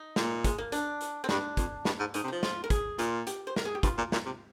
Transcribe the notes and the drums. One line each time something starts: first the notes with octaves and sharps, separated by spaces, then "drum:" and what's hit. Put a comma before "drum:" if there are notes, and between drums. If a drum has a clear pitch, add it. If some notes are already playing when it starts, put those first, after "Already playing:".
Already playing: D#4
A#2, drum: snare
G#3, drum: kick, hi-hat
A#3
D4, drum: hi-hat
drum: hi-hat
C4
G2 D4, drum: snare
F2, drum: kick, hi-hat
G2, drum: snare
G#2
G#2 D#4, drum: hi-hat
C3
F3 D#4
F4, drum: snare
A#4
G#4, drum: kick, hi-hat
A#2 F4, drum: hi-hat
G4, drum: hi-hat
C5
A#4, drum: snare
G#4
G4
G2 F4, drum: kick, hi-hat
A#2
A#2, drum: snare
C3